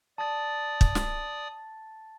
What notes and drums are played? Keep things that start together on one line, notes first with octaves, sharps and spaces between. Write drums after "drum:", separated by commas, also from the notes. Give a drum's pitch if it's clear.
D5 A5 D#6 A6
drum: kick
drum: snare